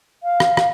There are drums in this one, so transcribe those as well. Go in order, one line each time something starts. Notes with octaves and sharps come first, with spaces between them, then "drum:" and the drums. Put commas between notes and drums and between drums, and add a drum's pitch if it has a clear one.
F5
drum: rim click
drum: rim click